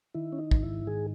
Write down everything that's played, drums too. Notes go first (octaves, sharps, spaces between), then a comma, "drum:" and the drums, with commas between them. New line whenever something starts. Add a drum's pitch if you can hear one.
D#3 E4
C#4
D#4
G#2, drum: kick
E4
D#3 G#4